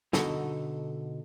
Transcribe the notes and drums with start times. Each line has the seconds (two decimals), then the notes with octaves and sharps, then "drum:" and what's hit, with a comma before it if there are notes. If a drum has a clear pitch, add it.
0.13 B2 D3 D#4 F#4 A4, drum: snare